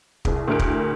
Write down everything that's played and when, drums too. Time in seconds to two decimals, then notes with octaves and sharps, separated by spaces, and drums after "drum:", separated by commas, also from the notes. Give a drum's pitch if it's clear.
0.25 C2 G#4, drum: kick
0.48 D2 A2 G#4 A#4 D7
0.59 drum: kick